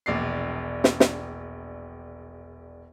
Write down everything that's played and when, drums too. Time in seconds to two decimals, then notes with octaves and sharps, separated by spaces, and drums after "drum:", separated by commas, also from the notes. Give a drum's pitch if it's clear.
0.06 E1 A#1 D5 C7
0.84 drum: snare
1.00 drum: snare